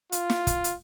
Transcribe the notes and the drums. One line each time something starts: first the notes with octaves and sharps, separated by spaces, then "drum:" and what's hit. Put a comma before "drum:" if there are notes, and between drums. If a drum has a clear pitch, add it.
F4, drum: hi-hat
drum: snare
drum: kick, hi-hat
drum: hi-hat